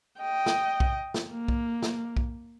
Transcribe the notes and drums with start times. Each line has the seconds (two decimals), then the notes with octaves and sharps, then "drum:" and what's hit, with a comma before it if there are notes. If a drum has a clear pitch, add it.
0.21 D#5 G5
0.46 drum: snare
0.80 drum: kick B1
1.14 drum: snare
1.31 A#3
1.48 drum: kick B1
1.82 drum: snare
2.17 drum: kick B1